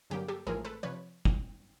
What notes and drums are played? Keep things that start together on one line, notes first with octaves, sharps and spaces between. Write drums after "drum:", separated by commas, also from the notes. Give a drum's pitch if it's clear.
G2 D3 F#3 A#3 G4
G4 A4
A1 G#2 F3 A3 C4 G#4 A#4
A4 B4
C3 F3 B4 C#5
drum: kick G1